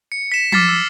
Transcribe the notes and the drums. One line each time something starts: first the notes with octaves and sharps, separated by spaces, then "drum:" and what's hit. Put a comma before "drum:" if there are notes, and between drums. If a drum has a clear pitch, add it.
C#7
B6 E7
D6 F6 A6 B6 C7, drum: tom F3
E6 B6